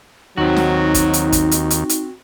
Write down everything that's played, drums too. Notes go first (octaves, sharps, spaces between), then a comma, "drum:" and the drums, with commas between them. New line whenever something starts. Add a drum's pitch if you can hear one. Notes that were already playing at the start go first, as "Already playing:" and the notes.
D#2 F#3 C4 D#4 F#4
drum: snare
drum: kick, hi-hat
drum: hi-hat
drum: kick, hi-hat
drum: hi-hat
drum: hi-hat
drum: hi-hat